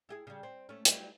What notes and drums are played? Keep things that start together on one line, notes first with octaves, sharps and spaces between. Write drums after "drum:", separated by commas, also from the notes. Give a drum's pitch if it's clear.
E4 G4 G#4
C#3 G3
C4
A3 C#4
F#3 G3 E4, drum: hi-hat